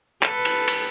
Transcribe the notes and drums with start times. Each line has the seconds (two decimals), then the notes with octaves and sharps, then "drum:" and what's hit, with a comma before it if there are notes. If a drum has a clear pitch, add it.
0.23 A4 B4, drum: clap
0.45 drum: cymbal
0.68 drum: cymbal